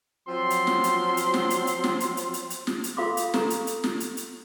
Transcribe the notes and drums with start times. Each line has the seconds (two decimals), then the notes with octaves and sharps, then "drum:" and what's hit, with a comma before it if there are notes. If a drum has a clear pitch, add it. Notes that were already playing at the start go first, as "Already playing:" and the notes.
0.29 F3 F#3 C4 C6
0.50 drum: hi-hat
0.67 drum: snare
0.84 drum: hi-hat
1.17 drum: hi-hat
1.34 drum: snare
1.50 drum: hi-hat
1.67 drum: hi-hat
1.84 drum: snare
2.00 drum: hi-hat
2.17 drum: hi-hat
2.34 drum: hi-hat
2.50 drum: hi-hat
2.67 drum: snare
2.84 drum: hi-hat
2.97 F4 A4 F5 B5 C6 D6
3.17 drum: hi-hat
3.34 A4 A#5 C#6, drum: snare
3.50 drum: hi-hat
3.67 drum: hi-hat
3.84 drum: snare
4.00 drum: hi-hat
4.17 drum: hi-hat